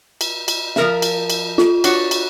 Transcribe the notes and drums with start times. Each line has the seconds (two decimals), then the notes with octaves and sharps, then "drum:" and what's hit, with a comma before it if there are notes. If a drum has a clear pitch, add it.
0.21 drum: cymbal
0.48 drum: cymbal
0.76 F3 A#4 E5, drum: snare
1.02 drum: cymbal
1.30 drum: cymbal
1.58 F4, drum: snare
1.84 D4 F#4 C#5, drum: cymbal
2.11 drum: cymbal